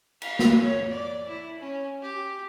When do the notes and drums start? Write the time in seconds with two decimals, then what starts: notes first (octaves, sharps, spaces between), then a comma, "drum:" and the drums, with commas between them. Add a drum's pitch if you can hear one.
0.22 F5, drum: cymbal
0.39 drum: snare
0.60 C#5
0.90 D5
1.28 E4
1.59 C#4
2.02 G4